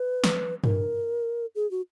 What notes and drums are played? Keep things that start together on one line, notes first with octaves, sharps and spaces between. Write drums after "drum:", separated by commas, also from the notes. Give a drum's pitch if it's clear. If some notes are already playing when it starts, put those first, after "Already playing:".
Already playing: B4
drum: snare
A#4, drum: tom G2
G#4
F#4